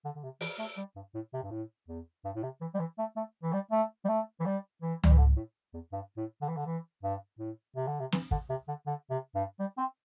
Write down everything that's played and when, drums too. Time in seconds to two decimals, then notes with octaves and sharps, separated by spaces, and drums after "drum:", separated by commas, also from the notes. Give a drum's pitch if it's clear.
0.04 D3
0.15 D3
0.23 C3
0.41 E3, drum: open hi-hat
0.59 A3
0.77 G3
0.96 G2
1.14 A2
1.33 C3
1.43 G2
1.51 A2
1.88 E2
2.25 G2
2.36 A2
2.43 C3
2.61 E3
2.74 G3
2.79 E3
2.98 A3
3.16 A3
3.43 E3
3.53 G3
3.71 A3
4.04 G3
4.08 A3
4.40 E3
4.45 G3
4.82 E3
5.04 G3, drum: tom C#2
5.11 E3
5.18 D3
5.36 A2
5.73 E2
5.92 G2
6.17 A2
6.41 D3
6.48 E3
6.56 D3
6.66 E3
7.03 G2
7.39 A2
7.76 C3
7.87 D3
8.00 C3
8.12 E3, drum: snare
8.31 D3, drum: kick
8.49 C3
8.68 D3
8.86 D3
9.10 C3
9.35 G2
9.59 G3
9.78 C4